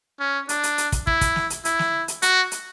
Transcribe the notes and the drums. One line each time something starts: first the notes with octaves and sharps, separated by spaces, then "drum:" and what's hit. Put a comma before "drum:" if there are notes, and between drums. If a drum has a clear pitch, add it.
C#4
D4, drum: hi-hat
drum: hi-hat
drum: hi-hat
drum: kick, hi-hat
E4, drum: kick
drum: kick, hi-hat
drum: snare
drum: hi-hat
E4, drum: hi-hat
drum: snare
drum: hi-hat
F#4, drum: hi-hat
drum: hi-hat